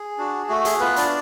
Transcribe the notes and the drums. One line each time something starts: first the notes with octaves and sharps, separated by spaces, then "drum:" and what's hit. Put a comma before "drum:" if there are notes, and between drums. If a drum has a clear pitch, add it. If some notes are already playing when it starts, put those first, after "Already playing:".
Already playing: G#4
D4 F#4
A3 F#4
G#4, drum: hi-hat
B3 F4 B4
D4 D5, drum: hi-hat